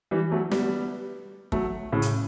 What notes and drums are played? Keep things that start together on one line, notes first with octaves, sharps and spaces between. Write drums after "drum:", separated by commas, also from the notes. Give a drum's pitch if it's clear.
E3 G3
F#3 A3
G3 B3, drum: snare
F#3 A3, drum: kick
A2 C#3
drum: hi-hat